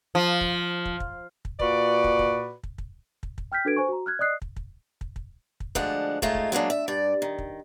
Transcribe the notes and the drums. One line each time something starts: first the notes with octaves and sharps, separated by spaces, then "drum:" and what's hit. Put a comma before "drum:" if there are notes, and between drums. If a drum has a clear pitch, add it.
F3
drum: kick
drum: kick
drum: kick
drum: kick
A#2 F#4 B4 D5, drum: kick
drum: kick
drum: kick
drum: kick
drum: kick
drum: kick
drum: kick
G5 F6 G6 B6
D4 F#4 A4 B4 G#6 D7
C5 G#5 C#6
F#4 A#5
F6 F#6 G#6
D5 D#5 D#6 F#6 C7
drum: kick
drum: kick
drum: kick
drum: kick
drum: kick
D2 F3 G#3 D4 F#5, drum: kick
G#3 A3 D#4 F4 C#5, drum: kick
drum: kick
F#3 G#3 A#3 D4
E5
G2 D5
D#3
drum: kick